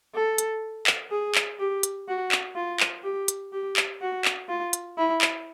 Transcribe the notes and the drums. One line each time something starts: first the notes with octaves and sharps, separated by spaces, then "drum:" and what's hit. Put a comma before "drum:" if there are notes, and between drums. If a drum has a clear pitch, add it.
A4
drum: hi-hat
drum: clap
G#4
drum: clap
G4
drum: hi-hat
F#4
drum: clap
F4
drum: clap
G4
drum: hi-hat
G4
drum: clap
F#4
drum: clap
F4
drum: hi-hat
E4
drum: clap